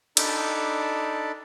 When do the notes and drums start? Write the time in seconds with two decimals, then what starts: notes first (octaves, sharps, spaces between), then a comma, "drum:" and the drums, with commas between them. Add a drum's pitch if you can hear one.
0.17 D4 D#4 A4 D5 A5 B5, drum: cymbal